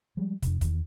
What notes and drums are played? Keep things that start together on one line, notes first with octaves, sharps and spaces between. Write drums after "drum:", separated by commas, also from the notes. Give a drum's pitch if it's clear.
F3 G3 G#3
F2 C3, drum: kick, hi-hat
E2 D#3, drum: kick, hi-hat